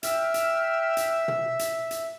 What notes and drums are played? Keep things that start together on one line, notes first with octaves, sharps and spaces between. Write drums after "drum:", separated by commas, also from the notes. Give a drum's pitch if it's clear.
E5 G5 F6, drum: hi-hat
drum: hi-hat
drum: hi-hat
drum: tom
drum: hi-hat
drum: hi-hat